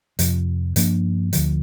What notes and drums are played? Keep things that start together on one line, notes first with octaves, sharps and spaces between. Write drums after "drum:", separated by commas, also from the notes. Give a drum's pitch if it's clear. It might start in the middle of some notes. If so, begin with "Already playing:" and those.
F2 C3 F3, drum: hi-hat
G2 F3 A#3 D4, drum: hi-hat
D2 D3 F3, drum: hi-hat